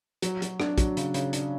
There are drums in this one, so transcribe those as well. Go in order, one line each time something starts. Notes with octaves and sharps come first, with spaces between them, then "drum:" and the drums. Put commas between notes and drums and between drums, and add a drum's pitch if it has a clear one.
F#3, drum: hi-hat
F#3, drum: hi-hat
D4, drum: rim click
F#3, drum: kick, hi-hat
C#3, drum: hi-hat
C#3, drum: hi-hat
D4, drum: hi-hat